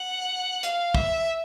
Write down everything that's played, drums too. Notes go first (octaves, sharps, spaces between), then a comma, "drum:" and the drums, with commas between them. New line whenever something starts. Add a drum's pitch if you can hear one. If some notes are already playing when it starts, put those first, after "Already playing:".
Already playing: F#5
F5, drum: hi-hat
E5, drum: kick